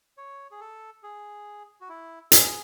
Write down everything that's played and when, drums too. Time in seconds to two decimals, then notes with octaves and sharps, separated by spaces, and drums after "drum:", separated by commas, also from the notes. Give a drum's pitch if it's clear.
0.17 C#5
0.51 G#4
0.60 A4
1.03 G#4
1.81 F#4
1.89 E4
2.32 G#4, drum: hi-hat